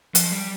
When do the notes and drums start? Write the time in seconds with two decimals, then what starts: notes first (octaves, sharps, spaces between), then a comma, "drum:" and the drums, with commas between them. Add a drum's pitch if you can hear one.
0.15 F3, drum: hi-hat
0.32 G3